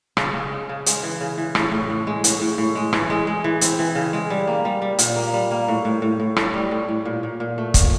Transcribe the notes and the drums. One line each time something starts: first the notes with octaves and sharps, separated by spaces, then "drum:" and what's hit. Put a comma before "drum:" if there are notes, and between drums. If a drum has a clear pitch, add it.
C#3, drum: rim click
C#3
G#3
C#3
G#3, drum: hi-hat
E3
C#3
E3
A2, drum: rim click
A2
A2
G#3
A2, drum: hi-hat
A2
A2
G#3
E3, drum: rim click
G#3
G#3
E3
C4, drum: hi-hat
E3
C#3
G#3
G3
A#3
G3
G3
A#2, drum: hi-hat
A#3
G3
A#3
A2
A2
A2
A2
A2, drum: rim click
G3
A2
A2
A#2
A#2
A#2
A3
A#2, drum: kick, hi-hat